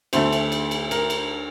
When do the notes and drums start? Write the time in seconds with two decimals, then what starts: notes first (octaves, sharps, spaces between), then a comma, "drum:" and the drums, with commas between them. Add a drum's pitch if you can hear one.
0.13 D2 D3 A3 C5, drum: cymbal
0.33 drum: cymbal
0.52 drum: cymbal
0.71 drum: cymbal
0.91 A#4, drum: cymbal
1.10 drum: cymbal